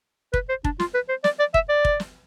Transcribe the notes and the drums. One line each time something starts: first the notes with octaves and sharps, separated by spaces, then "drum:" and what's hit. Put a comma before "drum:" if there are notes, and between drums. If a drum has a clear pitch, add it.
B4, drum: kick
C5
D4, drum: kick
F4, drum: snare
B4
C5
D5, drum: snare
D5
E5, drum: kick
D5
drum: kick
drum: snare